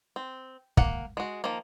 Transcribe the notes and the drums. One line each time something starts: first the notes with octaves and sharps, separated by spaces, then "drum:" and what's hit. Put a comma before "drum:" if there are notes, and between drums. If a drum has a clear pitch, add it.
C4
A#3 F#5, drum: kick
G#3 F#4
D#3 F3 A#3